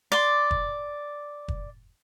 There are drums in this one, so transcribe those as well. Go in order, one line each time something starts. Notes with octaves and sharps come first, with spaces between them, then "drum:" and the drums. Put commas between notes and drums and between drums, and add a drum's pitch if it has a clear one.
D5 C6
drum: kick
drum: kick